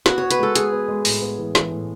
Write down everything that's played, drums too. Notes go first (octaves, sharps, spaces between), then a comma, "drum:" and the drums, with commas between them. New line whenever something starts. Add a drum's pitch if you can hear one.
B3 F#4, drum: snare
B3 C#5
B4, drum: hi-hat
G#3 A4
G#3 G#4, drum: hi-hat
B3
G#3
A2, drum: open hi-hat
B3
E3
E3, drum: snare
A2